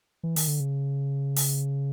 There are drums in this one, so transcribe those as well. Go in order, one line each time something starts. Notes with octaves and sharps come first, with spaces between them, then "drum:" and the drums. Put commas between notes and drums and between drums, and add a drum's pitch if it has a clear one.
E3
D#3, drum: open hi-hat
D3
C#3
drum: open hi-hat